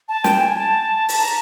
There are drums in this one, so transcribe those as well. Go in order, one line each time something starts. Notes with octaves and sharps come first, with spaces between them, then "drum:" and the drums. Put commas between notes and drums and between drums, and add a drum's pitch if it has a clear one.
A5
G5, drum: snare
G#5
A5
drum: open hi-hat
A#5